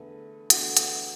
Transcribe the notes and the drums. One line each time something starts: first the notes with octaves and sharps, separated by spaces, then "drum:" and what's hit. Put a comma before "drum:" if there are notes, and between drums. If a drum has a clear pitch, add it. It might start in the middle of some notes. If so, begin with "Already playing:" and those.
Already playing: E2 D3 A3 A4 B4
E2 D3 A3 F#4, drum: hi-hat
drum: hi-hat